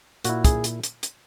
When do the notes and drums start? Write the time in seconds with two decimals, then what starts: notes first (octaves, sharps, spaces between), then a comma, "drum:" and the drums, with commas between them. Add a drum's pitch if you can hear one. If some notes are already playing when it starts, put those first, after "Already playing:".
0.24 A#2 A#3 E4 F#4, drum: hi-hat
0.45 G#4, drum: kick, hi-hat
0.64 drum: hi-hat
0.83 drum: hi-hat
1.03 drum: hi-hat